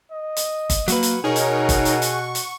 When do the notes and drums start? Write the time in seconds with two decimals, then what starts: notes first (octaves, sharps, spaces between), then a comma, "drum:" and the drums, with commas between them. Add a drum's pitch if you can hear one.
0.12 D#5
0.37 drum: hi-hat
0.70 drum: kick G1, hi-hat
0.88 F#3 A#3 F#4 B4, drum: hi-hat
1.03 drum: hi-hat
1.24 B2 D#4 G#4 A#4 C#5 F#5
1.36 drum: hi-hat
1.69 drum: kick G1, hi-hat
1.85 drum: hi-hat
2.02 C#6, drum: hi-hat
2.35 drum: hi-hat